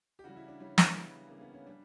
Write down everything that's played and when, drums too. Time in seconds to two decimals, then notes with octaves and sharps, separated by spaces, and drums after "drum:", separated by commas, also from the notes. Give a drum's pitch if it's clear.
0.19 G4
0.24 C#3 E3 G3 F#4
0.36 E4
0.48 D4
0.60 C#3 E3 G3 C#4
0.78 B3, drum: snare
0.95 C#3 E3 G3 C#4
1.28 C#3 E3 G3 A#3
1.41 B3
1.54 C#4
1.67 G3 D4